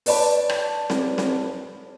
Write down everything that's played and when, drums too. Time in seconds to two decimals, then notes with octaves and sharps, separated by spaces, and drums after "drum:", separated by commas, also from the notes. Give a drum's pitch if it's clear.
0.06 B4 C#5 D5 A5 B5, drum: open hi-hat
0.49 drum: rim click
0.90 drum: snare C4
1.18 drum: snare C4